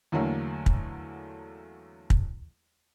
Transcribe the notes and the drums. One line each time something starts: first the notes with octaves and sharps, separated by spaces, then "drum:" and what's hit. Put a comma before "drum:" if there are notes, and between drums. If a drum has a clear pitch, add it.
E2 D3 F#3 A3 A#3
drum: kick
drum: kick